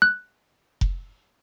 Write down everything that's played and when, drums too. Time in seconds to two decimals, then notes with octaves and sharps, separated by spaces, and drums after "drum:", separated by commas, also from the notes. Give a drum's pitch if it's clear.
0.02 F#6
0.81 drum: kick F1